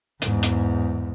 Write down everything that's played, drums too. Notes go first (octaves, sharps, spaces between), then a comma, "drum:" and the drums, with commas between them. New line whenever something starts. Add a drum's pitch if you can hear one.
E2 G#2, drum: hi-hat
drum: hi-hat